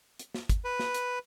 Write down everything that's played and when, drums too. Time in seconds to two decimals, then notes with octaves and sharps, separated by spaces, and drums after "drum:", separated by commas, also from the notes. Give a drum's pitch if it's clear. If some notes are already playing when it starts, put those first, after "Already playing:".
0.19 drum: hi-hat
0.34 drum: snare
0.49 drum: kick, hi-hat
0.64 B4
0.79 drum: snare
0.94 drum: hi-hat